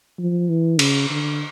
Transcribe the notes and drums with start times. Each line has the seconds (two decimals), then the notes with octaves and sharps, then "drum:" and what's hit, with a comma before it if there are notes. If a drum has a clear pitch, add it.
0.19 F3
0.49 E3
0.79 C#3, drum: cymbal
1.10 D3